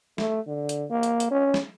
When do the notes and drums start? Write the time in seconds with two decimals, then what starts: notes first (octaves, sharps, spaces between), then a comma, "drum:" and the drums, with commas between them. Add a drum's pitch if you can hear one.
0.18 A3, drum: snare
0.47 D3
0.69 drum: hi-hat
0.90 A#3
1.03 drum: hi-hat
1.20 drum: hi-hat
1.31 C#4
1.54 drum: snare